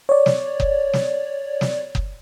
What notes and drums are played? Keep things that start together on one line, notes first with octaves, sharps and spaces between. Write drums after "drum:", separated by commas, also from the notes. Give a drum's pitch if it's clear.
C#5 D5
drum: snare
drum: kick F#1
drum: snare
drum: snare
drum: kick F#1